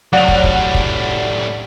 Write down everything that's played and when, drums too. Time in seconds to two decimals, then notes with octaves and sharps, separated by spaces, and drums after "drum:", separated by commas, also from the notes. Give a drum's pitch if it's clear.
0.13 A2 F#3 G3 D5 F#5 F7
0.28 drum: kick
0.44 drum: kick
0.74 drum: kick